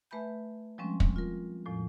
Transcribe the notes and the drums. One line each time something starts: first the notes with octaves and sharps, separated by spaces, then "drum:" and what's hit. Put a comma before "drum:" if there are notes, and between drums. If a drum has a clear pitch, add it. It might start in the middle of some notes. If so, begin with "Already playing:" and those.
A3 B4 E5 G#5 B5 G6
F3 G3 G#3 C4 C#4
drum: kick
F4 A#4
E2 A2 F3